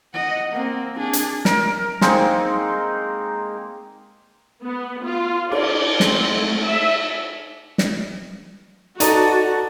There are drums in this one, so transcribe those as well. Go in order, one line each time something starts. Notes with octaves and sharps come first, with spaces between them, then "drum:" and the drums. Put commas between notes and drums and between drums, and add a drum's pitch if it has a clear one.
D#5 F#5
A#3 C4
D4 G#4
drum: hi-hat
A#4, drum: snare
G#3 A#3 C4 D#4, drum: snare
B3
F4
D5, drum: cymbal
C4, drum: snare
A3
E5
drum: snare
D#4 F#4 A4 B4 D5 D#5 A5 A#5, drum: hi-hat